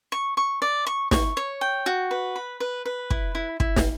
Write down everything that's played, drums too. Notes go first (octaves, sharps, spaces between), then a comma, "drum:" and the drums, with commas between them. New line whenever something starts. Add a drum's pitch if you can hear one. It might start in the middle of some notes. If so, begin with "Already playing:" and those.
C#6
C#6
D5
C#6
C#6, drum: snare
C#5
G5
F#4
B4
B5
B4
B4
E4, drum: kick
E4
E4, drum: kick
drum: snare